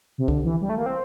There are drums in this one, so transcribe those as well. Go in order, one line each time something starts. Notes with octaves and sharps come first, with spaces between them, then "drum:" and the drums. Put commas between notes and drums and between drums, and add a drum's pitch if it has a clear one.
C3
D3, drum: kick
E3
G3
A3
A#3
C4